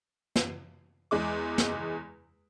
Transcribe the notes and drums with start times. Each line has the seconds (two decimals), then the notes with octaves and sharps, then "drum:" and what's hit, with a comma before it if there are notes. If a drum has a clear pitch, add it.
0.36 drum: snare
1.11 E2 G#3 D6
1.58 drum: snare